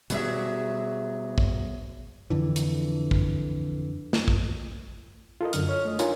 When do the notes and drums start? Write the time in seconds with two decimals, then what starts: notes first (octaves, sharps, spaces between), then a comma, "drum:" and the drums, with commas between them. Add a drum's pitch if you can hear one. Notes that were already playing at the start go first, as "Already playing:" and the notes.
0.10 B2 F#3 G3 G#4 E5, drum: hi-hat
1.38 drum: kick
2.30 F2 D3 E3
2.56 drum: hi-hat
3.11 drum: kick
4.13 drum: snare
4.28 drum: kick
5.41 F4 A4 A#4 D#5
5.53 F#2 D3 F6, drum: hi-hat
5.69 C#5 F6
5.85 A3 D#5
5.99 D4 D#4 F4 A#4 C#5 G#5, drum: hi-hat